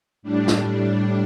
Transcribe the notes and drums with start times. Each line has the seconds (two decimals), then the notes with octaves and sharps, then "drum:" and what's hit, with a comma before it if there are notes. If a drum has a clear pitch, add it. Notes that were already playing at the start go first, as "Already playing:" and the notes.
0.22 A2 G3 D4
0.48 drum: snare
0.82 D4